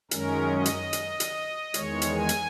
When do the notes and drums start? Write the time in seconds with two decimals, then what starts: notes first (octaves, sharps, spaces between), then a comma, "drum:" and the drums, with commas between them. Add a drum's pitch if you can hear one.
0.11 F#2 D#3 G#3 C#4 A#4, drum: hi-hat
0.52 D#5
0.66 drum: hi-hat
0.93 drum: hi-hat
1.20 drum: hi-hat
1.74 E2 D#3 G#3 C#5, drum: hi-hat
2.02 drum: hi-hat
2.15 G#5
2.29 drum: hi-hat